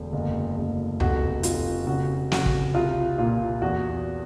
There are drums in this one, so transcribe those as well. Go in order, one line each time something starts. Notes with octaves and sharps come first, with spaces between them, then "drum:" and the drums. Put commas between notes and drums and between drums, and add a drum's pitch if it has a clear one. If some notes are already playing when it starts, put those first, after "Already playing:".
Already playing: E1 D2
F#1
F#1
F1 F#4, drum: tom C#2
F1 F4, drum: hi-hat
C#3 F#4
C#3 F#4, drum: snare
drum: kick
C2 F4
A#2 F4
E2 F#4